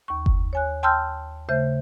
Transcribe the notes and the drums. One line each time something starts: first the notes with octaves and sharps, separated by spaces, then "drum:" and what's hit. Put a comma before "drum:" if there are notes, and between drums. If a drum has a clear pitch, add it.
D#2 C#6
drum: kick F#1
C#5 G#5 F#6
G5 A5 C6 E6 F6 G6
C#3 A3 C5 E5 G6